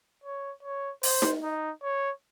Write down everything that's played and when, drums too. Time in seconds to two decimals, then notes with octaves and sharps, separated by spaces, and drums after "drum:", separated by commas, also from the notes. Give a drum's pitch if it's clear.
0.24 C#5
0.63 C#5
1.03 C5, drum: open hi-hat
1.22 drum: snare D#4
1.43 D#4
1.83 C#5